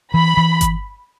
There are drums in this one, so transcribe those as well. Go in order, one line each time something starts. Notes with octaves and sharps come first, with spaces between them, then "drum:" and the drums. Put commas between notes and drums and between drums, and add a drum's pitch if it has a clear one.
E3 B5
E3
drum: kick G1, hi-hat